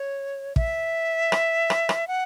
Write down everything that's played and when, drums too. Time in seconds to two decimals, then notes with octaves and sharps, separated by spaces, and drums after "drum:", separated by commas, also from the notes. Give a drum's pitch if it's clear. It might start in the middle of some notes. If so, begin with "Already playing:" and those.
Already playing: C#5
0.56 E5, drum: kick
1.32 drum: rim click
1.70 drum: rim click
1.89 drum: rim click
2.08 F#5